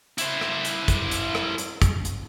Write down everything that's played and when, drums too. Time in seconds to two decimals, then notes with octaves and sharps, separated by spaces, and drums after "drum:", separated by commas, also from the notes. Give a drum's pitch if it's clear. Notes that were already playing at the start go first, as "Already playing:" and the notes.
0.18 E4 C5, drum: hi-hat
0.41 drum: rim click
0.65 drum: hi-hat
0.88 drum: kick, hi-hat
1.11 drum: hi-hat
1.35 drum: rim click
1.58 drum: hi-hat
1.82 drum: kick, hi-hat
2.05 drum: hi-hat